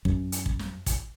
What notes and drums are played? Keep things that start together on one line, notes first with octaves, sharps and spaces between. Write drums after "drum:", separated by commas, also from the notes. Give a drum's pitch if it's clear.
F#2, drum: kick
drum: hi-hat
drum: kick
drum: snare
drum: kick, hi-hat